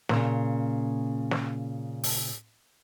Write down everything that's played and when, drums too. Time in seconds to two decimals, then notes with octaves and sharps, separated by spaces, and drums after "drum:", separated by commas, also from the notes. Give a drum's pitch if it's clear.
0.09 A#2 C#3, drum: snare
1.31 drum: snare
2.04 drum: open hi-hat